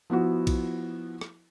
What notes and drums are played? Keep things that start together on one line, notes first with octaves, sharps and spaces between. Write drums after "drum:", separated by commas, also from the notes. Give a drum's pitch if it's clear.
F3 B3 E4 F#4
drum: kick B1, cymbal
drum: rim click